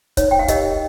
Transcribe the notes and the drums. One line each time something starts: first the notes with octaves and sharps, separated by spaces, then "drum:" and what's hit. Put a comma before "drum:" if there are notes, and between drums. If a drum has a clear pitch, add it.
D#4 C#5, drum: kick, hi-hat
G5
F5
G4 A#4 C#5 D#5, drum: kick, hi-hat